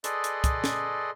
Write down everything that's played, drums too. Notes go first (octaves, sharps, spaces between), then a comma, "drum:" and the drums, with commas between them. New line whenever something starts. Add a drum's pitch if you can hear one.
G#4 A4 B4 D5 D#5 C6, drum: hi-hat
drum: hi-hat
drum: kick, hi-hat
drum: snare